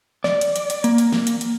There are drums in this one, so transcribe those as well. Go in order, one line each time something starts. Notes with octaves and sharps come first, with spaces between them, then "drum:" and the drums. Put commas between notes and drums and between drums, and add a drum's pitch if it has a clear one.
D5, drum: snare
drum: hi-hat
drum: hi-hat
drum: hi-hat
A#3, drum: hi-hat
drum: hi-hat
drum: snare
drum: hi-hat
drum: hi-hat